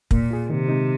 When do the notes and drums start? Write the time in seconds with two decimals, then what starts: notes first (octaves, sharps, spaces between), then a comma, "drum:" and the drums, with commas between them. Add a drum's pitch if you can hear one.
0.11 A#2 A#3, drum: kick
0.31 F4 G#4
0.50 C3 D#3
0.69 G#3 C4 D#4